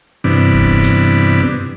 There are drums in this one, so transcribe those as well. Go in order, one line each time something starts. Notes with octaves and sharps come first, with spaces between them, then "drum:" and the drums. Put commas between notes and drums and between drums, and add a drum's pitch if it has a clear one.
G2 C3 E3 B3 D4
drum: kick E1
drum: snare